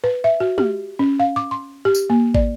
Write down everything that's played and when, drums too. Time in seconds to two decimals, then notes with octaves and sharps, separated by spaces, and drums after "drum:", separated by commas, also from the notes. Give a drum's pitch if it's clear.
0.04 B4
0.24 E5
0.40 F#4
0.58 G4, drum: tom
0.99 C#4
1.20 F5
1.36 D6
1.51 C6
1.85 G4
1.94 drum: tambourine
2.10 A#3
2.34 D5, drum: kick